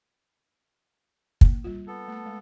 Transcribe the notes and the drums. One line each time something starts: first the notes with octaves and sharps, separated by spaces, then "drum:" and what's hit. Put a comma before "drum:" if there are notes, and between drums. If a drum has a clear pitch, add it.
A#3, drum: kick
G3 F4
B3 A4
A3 A5
G#3